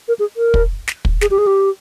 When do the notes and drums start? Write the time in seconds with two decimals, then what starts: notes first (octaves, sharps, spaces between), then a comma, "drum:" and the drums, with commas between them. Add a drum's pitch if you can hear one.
0.08 A#4
0.19 G#4
0.37 A#4
0.54 drum: kick
0.88 drum: snare
1.05 drum: kick
1.21 G#4, drum: snare
1.31 G4
1.38 G#4
1.47 G4